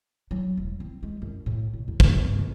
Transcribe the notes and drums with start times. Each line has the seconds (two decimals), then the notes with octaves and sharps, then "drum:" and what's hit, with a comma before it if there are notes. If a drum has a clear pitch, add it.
0.31 F#3
0.57 E1
0.80 C4
1.03 G#3
1.22 F#2
1.46 A2
1.73 B2
1.88 F#2
2.00 F#3, drum: kick
2.15 G2
2.38 F1